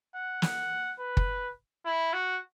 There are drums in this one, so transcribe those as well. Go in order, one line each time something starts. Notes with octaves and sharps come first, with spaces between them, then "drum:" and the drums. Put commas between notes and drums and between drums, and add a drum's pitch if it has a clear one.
F#5
F#5, drum: snare
B4
drum: kick
E4
F#4